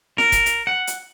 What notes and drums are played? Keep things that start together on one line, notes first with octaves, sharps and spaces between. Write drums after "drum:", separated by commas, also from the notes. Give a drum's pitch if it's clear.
A#4, drum: snare F4
drum: kick F#1, hi-hat
drum: hi-hat
F#5
drum: hi-hat